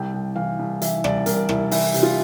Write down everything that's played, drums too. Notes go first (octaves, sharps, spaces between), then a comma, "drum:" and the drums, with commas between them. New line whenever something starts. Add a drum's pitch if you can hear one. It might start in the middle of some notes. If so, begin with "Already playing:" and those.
Already playing: C2 G5
C2
E3 F5
C2
E3 E5, drum: hi-hat
C2 D5, drum: rim click
C2 A#4, drum: hi-hat
C2 E4, drum: rim click
E3 E4, drum: open hi-hat
C3, drum: hi-hat
F4